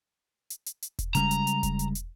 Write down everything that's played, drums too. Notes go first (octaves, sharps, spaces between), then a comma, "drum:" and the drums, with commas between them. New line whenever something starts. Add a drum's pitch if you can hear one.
drum: hi-hat
drum: hi-hat
drum: hi-hat
drum: kick E1, hi-hat
C#3 G3 G#3 A#5, drum: hi-hat
drum: hi-hat
drum: hi-hat
drum: kick E1, hi-hat
drum: hi-hat
drum: hi-hat